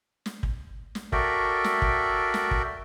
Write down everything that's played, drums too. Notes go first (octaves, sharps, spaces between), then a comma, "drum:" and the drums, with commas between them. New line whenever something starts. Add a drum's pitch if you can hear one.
drum: snare
drum: kick
drum: snare
F#4 A4 A#4 D5 E5 G5, drum: kick
drum: snare
drum: kick
drum: snare
drum: kick